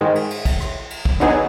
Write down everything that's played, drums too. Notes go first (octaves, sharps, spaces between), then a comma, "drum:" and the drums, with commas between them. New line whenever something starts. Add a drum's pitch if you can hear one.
G#2 D#3 G#3
drum: cymbal
drum: cymbal
drum: kick, cymbal
drum: rim click
drum: cymbal
drum: kick
D3 F#3 B3 D#4 G#4, drum: rim click